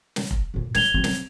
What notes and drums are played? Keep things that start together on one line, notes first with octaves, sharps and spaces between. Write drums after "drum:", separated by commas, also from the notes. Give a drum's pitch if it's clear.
drum: snare
drum: kick F1
E2 A#2
A#2 G#6 F7 G7, drum: snare
F#3 C4
drum: snare